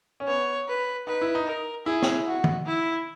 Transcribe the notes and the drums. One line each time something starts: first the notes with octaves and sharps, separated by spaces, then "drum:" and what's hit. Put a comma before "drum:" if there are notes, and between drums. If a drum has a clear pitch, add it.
C#4
B3 C#5
B4
D#4 B4
E4
D#4
A#4
E4 G#4
drum: snare
F#4
drum: tom
E4